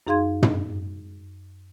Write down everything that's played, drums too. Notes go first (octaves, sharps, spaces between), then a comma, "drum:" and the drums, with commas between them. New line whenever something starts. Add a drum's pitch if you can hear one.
F#2 D#4 G#4 F5 C6 G#6
drum: tom